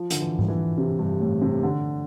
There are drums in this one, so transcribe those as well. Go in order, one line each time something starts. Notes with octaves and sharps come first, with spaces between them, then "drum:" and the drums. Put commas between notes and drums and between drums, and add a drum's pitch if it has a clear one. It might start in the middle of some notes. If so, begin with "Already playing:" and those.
Already playing: F3
D3, drum: hi-hat
E3
drum: tom G#2
E3
C3
G2
A2
C3
D3